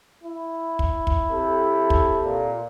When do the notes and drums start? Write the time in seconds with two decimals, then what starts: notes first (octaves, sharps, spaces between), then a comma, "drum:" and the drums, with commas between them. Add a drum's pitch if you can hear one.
0.24 E4
0.79 drum: kick
1.07 drum: kick
1.31 C3 A4
1.90 drum: kick
2.24 A#2